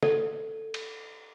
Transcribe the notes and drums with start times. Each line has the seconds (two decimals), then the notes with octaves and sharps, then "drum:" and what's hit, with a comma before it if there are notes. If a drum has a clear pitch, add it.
0.03 A4 D5, drum: snare
0.74 drum: cymbal